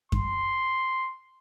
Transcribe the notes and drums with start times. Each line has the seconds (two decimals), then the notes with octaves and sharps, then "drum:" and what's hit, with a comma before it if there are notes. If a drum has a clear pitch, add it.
0.12 C6, drum: kick F#2